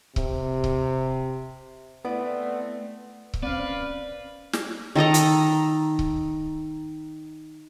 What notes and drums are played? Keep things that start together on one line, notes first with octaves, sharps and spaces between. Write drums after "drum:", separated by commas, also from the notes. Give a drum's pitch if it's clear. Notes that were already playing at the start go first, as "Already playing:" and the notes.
C3, drum: kick C#1
drum: kick C#1
A3 B3 C4 E4 D5
drum: kick C#1
C4 C#4 B4 D5 F5
drum: snare
D#3 A4 D#5 A#5
drum: hi-hat
drum: kick C#1